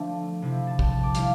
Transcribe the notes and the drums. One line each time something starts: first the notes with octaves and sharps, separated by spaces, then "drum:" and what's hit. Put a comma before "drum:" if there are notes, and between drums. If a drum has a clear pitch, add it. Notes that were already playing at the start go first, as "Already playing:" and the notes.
Already playing: D3 F3 A3 D4
C3 F3 C4 E4
A5
G5, drum: kick
A5
D6
D3 G3 C4 E4 F5, drum: hi-hat